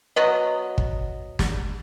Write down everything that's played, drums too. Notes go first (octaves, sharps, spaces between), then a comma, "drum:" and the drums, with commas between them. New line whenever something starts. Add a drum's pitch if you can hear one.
F#3 B3 D#5
drum: kick
drum: snare